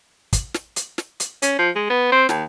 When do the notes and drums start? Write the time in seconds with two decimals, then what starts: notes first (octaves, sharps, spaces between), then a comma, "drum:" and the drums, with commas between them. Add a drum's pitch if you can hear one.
0.33 drum: kick, hi-hat
0.54 drum: snare
0.76 drum: hi-hat
0.98 drum: snare
1.20 drum: hi-hat
1.42 C#4, drum: hi-hat
1.58 F3
1.75 G#3
1.90 B3
2.12 C4
2.29 D#2, drum: snare